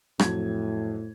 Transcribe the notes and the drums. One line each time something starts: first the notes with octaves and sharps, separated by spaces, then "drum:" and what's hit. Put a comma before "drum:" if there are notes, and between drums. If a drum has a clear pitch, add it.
F2 A2 F#3 G#6, drum: rim click